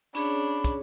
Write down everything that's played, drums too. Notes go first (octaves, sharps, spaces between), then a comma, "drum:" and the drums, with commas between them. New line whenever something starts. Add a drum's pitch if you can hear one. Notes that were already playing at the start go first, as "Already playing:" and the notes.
C#4 D4 G#4 C#5 B5, drum: hi-hat
drum: kick, hi-hat